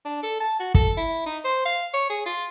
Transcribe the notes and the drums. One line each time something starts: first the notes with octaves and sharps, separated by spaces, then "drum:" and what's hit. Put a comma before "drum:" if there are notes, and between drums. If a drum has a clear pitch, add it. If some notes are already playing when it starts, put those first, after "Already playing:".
D4
A4
A5
F#4
A4, drum: kick
E4
D#4
C5
F5
C#5
G#4
F4